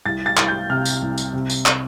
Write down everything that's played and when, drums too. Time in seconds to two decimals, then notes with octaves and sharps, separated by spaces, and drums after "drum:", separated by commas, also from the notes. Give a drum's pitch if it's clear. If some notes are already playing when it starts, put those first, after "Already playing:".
0.06 C2 A6
0.26 A6
0.37 C2, drum: clap
0.48 G6
0.70 C3 F6
0.85 drum: tambourine
1.02 C2
1.18 drum: tambourine
1.33 C3
1.50 drum: tambourine
1.66 drum: clap